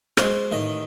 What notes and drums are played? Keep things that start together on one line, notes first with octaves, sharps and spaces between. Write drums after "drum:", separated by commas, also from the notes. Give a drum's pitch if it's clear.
G#3 F#4 C5, drum: rim click
A1 D#3 D#5